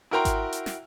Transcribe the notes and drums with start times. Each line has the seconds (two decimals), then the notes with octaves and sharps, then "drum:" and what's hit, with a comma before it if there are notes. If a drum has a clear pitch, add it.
0.11 E4 F#4 A#4 G5 A#5 C6
0.25 drum: kick G#1, hi-hat
0.52 drum: hi-hat
0.66 drum: snare